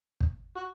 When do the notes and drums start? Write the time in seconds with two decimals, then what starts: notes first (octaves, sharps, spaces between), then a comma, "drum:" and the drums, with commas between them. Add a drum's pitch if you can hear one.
0.20 drum: kick
0.56 F#4